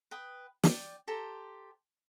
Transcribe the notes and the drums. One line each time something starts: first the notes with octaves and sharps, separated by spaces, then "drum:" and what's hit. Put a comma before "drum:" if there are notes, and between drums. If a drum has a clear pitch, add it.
B4 G5 D#6
D5 G5, drum: snare
G4 A4 C5 A#5